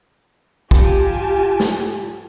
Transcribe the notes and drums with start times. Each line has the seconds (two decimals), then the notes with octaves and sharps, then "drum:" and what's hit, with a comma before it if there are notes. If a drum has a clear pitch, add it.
0.71 F4 G4 G#5 A5, drum: kick
1.60 drum: snare